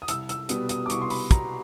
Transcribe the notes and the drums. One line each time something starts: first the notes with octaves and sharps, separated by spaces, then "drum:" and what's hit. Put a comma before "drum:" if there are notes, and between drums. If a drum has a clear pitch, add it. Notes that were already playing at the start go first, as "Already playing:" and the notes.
D#6
C2 E6, drum: hi-hat
E6, drum: hi-hat
B2 G3 B3 D#6, drum: hi-hat
D#6, drum: hi-hat
D6
C2 C#6, drum: hi-hat
C6
B5, drum: open hi-hat
B2 G3 B3 A#5, drum: kick, hi-hat